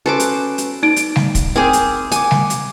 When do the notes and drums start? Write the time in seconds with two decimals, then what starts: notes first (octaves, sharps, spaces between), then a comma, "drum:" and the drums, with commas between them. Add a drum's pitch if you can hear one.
0.06 C#4 F#4 A4 B4 C5 D6
0.20 drum: hi-hat
0.58 drum: hi-hat
0.83 D#4 D5 D7
0.96 drum: hi-hat
1.16 drum: snare G3
1.35 drum: kick, hi-hat
1.56 C4 G#4 A#4 G#5 D6 G6
1.73 drum: hi-hat
2.12 F#5 G#5 D6, drum: hi-hat
2.31 drum: snare G3
2.50 drum: hi-hat